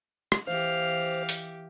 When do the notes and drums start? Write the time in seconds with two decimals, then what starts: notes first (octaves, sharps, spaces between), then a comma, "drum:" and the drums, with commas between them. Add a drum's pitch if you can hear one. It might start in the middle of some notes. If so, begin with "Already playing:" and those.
0.32 drum: rim click
0.47 E3 G4 C5 F5
1.29 drum: open hi-hat